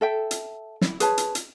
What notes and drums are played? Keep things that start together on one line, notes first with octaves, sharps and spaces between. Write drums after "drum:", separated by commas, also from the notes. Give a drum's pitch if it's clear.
A4 E5 G5
drum: hi-hat
E4, drum: snare
G#4 B4 C#5 A5, drum: hi-hat
drum: hi-hat
drum: hi-hat